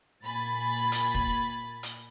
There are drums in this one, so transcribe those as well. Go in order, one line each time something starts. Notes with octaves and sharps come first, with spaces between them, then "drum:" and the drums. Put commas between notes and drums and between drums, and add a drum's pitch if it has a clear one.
A#2 G#5 B5 A6
drum: hi-hat
drum: kick
drum: hi-hat